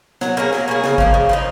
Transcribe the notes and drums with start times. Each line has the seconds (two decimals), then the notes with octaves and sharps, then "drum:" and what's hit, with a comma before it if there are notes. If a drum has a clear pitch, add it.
0.21 F#3, drum: snare
0.37 A#3 C#4 G#4
0.53 F#3, drum: snare
0.68 A#3 C#4 G#4
0.84 C#3, drum: snare
0.98 F3 A#3 D#4, drum: kick G#1
1.14 C#3
1.29 F3 A#3 D#4